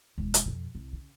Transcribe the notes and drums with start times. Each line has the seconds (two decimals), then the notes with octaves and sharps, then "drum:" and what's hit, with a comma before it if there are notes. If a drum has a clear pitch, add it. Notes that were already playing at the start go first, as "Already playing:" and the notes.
0.18 E1 D2
0.34 drum: hi-hat
0.45 F2 B2
0.75 C2
0.93 C#3